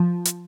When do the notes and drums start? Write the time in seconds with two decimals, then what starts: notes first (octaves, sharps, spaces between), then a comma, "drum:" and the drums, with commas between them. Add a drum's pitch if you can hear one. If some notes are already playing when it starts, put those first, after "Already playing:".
Already playing: F3
0.25 drum: hi-hat